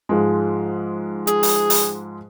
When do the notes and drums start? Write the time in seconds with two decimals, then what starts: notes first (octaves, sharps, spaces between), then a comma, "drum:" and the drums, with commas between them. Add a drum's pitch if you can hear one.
0.09 G#2 F3 G#3
1.27 G#4, drum: hi-hat
1.43 drum: open hi-hat
1.70 drum: open hi-hat